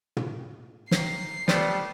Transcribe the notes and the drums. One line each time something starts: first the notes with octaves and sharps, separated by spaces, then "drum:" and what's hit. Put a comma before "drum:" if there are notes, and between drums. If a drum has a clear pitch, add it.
drum: tom
D#3 C7, drum: snare
F3 G3 A3 B3 B4 C5 D5, drum: snare